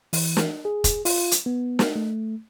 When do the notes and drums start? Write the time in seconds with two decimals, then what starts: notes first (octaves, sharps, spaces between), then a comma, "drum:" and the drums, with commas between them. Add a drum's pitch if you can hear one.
0.13 E3, drum: open hi-hat
0.37 drum: snare
0.65 G#4
0.84 drum: kick F1, hi-hat
1.05 F4, drum: open hi-hat
1.31 drum: hi-hat
1.46 B3
1.79 drum: snare
1.96 A3